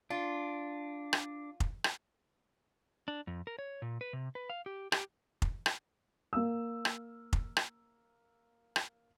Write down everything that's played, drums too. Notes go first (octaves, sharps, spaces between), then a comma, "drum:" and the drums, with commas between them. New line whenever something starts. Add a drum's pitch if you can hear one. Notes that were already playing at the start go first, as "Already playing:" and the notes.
D4 F4
drum: rim click
drum: kick F1
drum: rim click
D4
F2
A#4
C#5
A#2
B4
C3
B4
F5
G4
G4, drum: rim click
drum: kick F1
drum: rim click
A#3 E6
drum: rim click
drum: kick F1
drum: rim click
drum: rim click